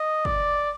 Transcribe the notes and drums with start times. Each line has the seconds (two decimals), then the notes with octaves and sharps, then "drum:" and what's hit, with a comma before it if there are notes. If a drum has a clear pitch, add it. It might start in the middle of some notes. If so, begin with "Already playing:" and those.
Already playing: D#5
0.25 D5, drum: kick